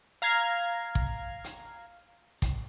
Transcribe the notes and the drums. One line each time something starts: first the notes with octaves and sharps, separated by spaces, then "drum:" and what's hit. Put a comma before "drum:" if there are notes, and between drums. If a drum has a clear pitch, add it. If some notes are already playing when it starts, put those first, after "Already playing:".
F5 A#5 F6 G#6 C7
drum: kick
drum: hi-hat
drum: kick, hi-hat